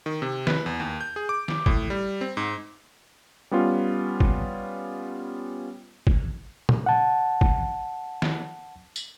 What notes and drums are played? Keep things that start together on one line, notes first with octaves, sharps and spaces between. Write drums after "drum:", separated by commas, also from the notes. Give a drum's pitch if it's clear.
D#3
C3
B4, drum: snare
E2
D#2
G6
G#4
D6
drum: snare
A2, drum: kick
G3
C4
G#2
G3 B3 C#4 F4
drum: kick
drum: kick
drum: tom A#2
F#5 A5
drum: kick
drum: snare
drum: tambourine